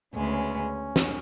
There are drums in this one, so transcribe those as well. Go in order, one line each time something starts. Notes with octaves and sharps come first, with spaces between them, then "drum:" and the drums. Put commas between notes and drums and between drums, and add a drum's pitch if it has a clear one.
D2 C#3 G#3 B3 C#4
drum: snare